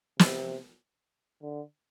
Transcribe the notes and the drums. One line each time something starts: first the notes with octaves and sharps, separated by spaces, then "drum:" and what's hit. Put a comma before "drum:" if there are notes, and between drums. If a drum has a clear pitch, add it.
C3, drum: snare
D3